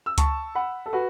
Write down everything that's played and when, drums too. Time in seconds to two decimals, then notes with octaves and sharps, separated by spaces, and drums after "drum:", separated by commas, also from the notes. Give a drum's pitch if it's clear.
0.06 E6
0.18 A5 C#6, drum: kick C#2, hi-hat
0.55 F#5 B5
0.86 A4
0.93 F#4 B4